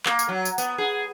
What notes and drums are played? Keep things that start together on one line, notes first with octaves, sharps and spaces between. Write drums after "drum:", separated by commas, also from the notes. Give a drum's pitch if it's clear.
A#3, drum: clap
drum: tambourine
F#3
drum: tambourine
B3, drum: tambourine
G#4